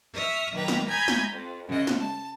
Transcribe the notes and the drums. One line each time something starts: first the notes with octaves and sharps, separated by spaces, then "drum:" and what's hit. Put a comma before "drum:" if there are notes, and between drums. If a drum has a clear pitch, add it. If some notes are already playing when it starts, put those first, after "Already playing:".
E5 C#6 D#6 F6
D#3 F#3 A#3 B4 G5 A#5
drum: snare
G#5 A#5 B5 D#6 G6 G#6
drum: snare
F2
F#2 C#3 F#4 D#5
drum: snare
A5